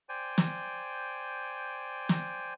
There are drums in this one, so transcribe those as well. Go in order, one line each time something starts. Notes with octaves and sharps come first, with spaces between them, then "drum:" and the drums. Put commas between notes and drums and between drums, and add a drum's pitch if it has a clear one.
C5 D5 G5 G#5
drum: snare
drum: snare